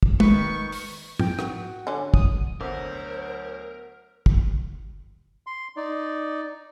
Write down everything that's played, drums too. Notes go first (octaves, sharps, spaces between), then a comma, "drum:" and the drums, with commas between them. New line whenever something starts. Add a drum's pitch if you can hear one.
drum: kick
D#3 B4 C#6, drum: tom
drum: open hi-hat
G5, drum: tom
F#4, drum: rim click
D3 C#4
D#6, drum: kick
D2 F#3 B3 A#4 C5
drum: kick
C6
D#4 D5